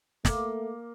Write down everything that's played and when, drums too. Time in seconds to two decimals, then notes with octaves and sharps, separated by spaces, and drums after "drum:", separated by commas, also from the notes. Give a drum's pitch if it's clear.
0.25 A3 A#3, drum: snare